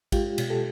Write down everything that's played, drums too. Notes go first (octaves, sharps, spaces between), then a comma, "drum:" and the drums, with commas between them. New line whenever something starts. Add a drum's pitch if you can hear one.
G#3 F4 G4, drum: kick A1, cymbal
B2, drum: cymbal
G4 A4